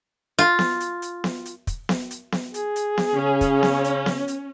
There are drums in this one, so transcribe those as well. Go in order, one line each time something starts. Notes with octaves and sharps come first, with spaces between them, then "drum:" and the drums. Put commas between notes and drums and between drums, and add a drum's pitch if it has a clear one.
F4
drum: snare B3
drum: hi-hat
drum: hi-hat
drum: snare B3
drum: hi-hat
drum: kick, hi-hat
drum: snare B3
drum: hi-hat
drum: snare B3
G#4, drum: hi-hat
drum: hi-hat
drum: snare B3
C#3 C#4
drum: kick, hi-hat
drum: snare B3
drum: hi-hat
drum: snare B3
drum: hi-hat